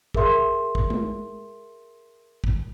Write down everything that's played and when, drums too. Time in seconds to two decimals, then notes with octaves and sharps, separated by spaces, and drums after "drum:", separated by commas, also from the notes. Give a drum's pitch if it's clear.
0.14 G#4 A#4 E5 C6, drum: kick
0.75 drum: kick
0.90 drum: tom G#3
2.44 drum: kick